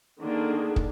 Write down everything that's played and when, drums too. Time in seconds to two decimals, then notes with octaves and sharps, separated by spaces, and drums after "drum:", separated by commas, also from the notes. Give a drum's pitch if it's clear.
0.20 D3 D#3 A#3 D4 G#4
0.76 drum: kick